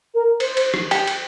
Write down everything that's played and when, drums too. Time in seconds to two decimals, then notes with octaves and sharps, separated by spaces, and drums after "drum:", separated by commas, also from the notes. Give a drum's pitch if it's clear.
0.14 A#4
0.40 C5, drum: cymbal
0.57 drum: cymbal
0.74 drum: rim click
0.91 G4, drum: cymbal
1.07 drum: cymbal